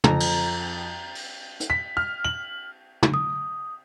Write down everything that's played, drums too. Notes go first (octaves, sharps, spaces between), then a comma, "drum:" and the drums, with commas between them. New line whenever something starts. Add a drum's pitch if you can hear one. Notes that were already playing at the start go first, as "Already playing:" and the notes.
F2 A#5, drum: tom
drum: cymbal
drum: open hi-hat
drum: hi-hat
B6
F6
F#7
drum: tom
D#6